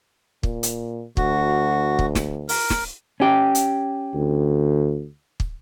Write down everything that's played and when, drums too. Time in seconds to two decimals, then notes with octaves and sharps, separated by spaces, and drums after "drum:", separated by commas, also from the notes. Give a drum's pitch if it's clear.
0.43 A#2, drum: kick
0.63 drum: hi-hat
1.17 D2 F#4, drum: kick
1.99 drum: kick
2.15 drum: snare
2.49 A#4, drum: open hi-hat
2.70 drum: snare
3.20 C#4 G4
3.55 drum: hi-hat
4.14 D2
5.40 drum: kick